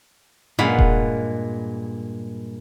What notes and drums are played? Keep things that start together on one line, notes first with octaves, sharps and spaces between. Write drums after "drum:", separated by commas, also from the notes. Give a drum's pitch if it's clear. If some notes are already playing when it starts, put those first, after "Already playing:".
G2 A#2 G#3 F5 F#5 B5, drum: tom C#4
drum: kick E1